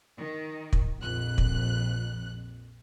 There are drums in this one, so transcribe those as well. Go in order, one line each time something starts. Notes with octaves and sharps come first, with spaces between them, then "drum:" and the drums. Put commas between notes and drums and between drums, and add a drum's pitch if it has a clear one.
D#3
drum: kick
A#1 F2 F#6
drum: kick